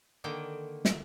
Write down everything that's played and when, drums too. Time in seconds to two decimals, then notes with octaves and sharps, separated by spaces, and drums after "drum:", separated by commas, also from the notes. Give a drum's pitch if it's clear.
0.24 D3 D#3 A#3 G5
0.85 drum: snare